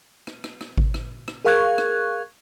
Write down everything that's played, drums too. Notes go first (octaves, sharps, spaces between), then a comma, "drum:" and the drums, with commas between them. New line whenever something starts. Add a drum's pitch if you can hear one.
drum: rim click
drum: rim click
drum: rim click
drum: kick G#1
drum: rim click
drum: rim click
G#4 A#4 F5 C#6 F#6 G#6
drum: rim click